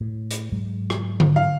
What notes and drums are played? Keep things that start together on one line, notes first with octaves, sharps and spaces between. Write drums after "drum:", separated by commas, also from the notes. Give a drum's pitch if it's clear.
A2
drum: hi-hat
G#2 F#3 G#3
drum: rim click
drum: tom D3
F5